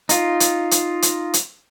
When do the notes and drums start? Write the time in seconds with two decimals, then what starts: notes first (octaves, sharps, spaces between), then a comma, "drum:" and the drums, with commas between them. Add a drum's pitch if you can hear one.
0.09 D#4 F4, drum: hi-hat
0.40 drum: hi-hat
0.71 drum: hi-hat
1.02 drum: hi-hat
1.34 drum: hi-hat